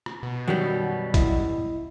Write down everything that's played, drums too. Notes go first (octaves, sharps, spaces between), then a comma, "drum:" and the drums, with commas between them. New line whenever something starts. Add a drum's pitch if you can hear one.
drum: rim click
B2
F#2 D#3 F#3 G3 G5 G6
E4 D#5, drum: kick A#1, hi-hat